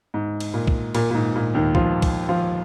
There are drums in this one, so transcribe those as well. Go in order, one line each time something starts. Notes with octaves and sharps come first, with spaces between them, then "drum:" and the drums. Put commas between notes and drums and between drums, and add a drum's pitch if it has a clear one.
G#2
drum: cymbal
A#2
drum: kick
A#2, drum: cymbal
A#2
G#2
A#2
D#2 D#3
F3 F4, drum: kick
drum: kick, cymbal
F3 F4